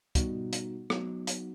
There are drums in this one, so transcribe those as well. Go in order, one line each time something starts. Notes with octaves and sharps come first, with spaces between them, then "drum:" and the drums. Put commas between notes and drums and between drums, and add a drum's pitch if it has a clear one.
B2 G3 B3 D#4 F#4, drum: kick, hi-hat
drum: hi-hat
F#3 B3 D#4 F#4, drum: rim click
drum: hi-hat